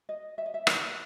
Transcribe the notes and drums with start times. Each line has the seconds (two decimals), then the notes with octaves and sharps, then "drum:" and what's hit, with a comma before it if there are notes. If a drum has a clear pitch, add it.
0.09 D#5
0.38 E5
0.46 D#5
0.54 E5
0.67 D5, drum: rim click